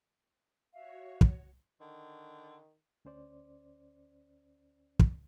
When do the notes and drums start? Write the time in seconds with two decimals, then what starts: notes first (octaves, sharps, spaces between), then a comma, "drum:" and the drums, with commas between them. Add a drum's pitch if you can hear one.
0.74 F#4 C#5 E5 F5
1.21 drum: kick
1.81 D3 D#3
3.05 D2 C#4 C5 D5
4.99 drum: kick